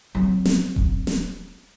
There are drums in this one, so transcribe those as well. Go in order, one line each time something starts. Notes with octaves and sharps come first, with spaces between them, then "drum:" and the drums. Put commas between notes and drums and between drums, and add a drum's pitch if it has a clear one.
F#3 C4
drum: snare
drum: kick D#1
drum: snare